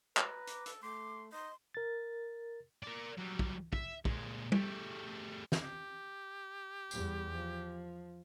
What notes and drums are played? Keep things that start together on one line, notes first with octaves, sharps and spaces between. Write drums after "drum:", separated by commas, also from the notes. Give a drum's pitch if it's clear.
B4 A#5, drum: clap
D6, drum: hi-hat
A4, drum: hi-hat
A3 C6 D6
D#4 D#5 C6
A#4 A6
A#4 D5
F#3 G3
drum: kick
E5, drum: kick
A#2 G#3, drum: kick
G3 A3, drum: tom G3
drum: snare
G4
E2 G3, drum: tambourine
F3